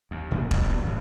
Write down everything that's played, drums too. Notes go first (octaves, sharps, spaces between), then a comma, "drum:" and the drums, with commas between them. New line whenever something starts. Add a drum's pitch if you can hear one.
D#2
F#1 F2 A#2 A3
A1 B2 D#3 G3, drum: kick E1
G1 G2 F#3 B3
F2 A2 C#3